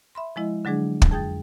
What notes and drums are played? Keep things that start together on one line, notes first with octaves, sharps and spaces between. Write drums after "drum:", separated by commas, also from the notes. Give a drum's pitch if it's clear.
E5 B5 C6
F3 G#3 E4 D#5
D3 F#3 G#3 D4 G#4
drum: kick
F2 G#4 G5 D#6 G6 A6